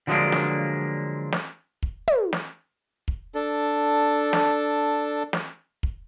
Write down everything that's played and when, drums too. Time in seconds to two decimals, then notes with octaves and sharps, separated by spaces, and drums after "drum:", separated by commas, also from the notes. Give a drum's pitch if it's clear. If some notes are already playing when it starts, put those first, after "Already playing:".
0.07 D3 F3 F#3 G#3 A#3 D4
0.32 drum: snare
1.32 drum: snare
1.83 drum: kick
2.08 drum: tom
2.33 drum: snare
3.08 drum: kick
3.35 D4 A4
4.33 drum: snare
5.33 drum: snare
5.83 drum: kick